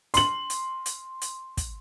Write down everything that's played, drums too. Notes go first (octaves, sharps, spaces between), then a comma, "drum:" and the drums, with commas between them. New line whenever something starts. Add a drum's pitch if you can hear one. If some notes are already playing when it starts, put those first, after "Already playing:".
C6 F#7, drum: hi-hat
drum: hi-hat
drum: hi-hat
drum: hi-hat
drum: kick, hi-hat